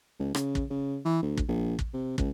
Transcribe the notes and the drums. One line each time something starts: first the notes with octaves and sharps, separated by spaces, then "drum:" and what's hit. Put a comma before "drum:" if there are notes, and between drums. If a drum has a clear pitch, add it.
C#2
C#3, drum: rim click
drum: kick
C#3
E3
D2
drum: kick
A#1
drum: kick
C3
C#2, drum: kick